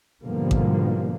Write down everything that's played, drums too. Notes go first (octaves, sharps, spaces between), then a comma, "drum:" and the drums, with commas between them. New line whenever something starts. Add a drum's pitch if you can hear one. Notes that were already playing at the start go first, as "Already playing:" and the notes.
G#2 B2 D3 F3 G3 A#3
drum: kick A1